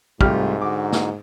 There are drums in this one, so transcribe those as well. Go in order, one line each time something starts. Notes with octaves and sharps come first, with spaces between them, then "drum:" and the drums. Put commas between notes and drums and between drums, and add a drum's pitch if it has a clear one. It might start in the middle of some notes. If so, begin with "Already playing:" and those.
C2 G#2 A3 F4 G4 F6, drum: kick
D3 D#4 F#4 D6
drum: snare